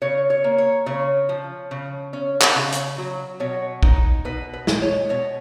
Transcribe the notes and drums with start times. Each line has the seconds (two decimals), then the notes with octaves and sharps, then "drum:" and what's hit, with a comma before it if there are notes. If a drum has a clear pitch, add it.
0.02 C#3 C#5
0.30 C#5
0.44 A#3
0.58 C#5
0.86 C#3 C#5
1.29 F3
1.71 C#3
2.13 C#4
2.41 drum: clap
2.56 C#3
2.72 drum: hi-hat
2.98 F#3
3.40 B2 C#5
3.83 D#4, drum: kick A#1
4.25 B2 B4
4.53 B4
4.67 G#3, drum: snare
4.82 C#5
5.09 B2 C#5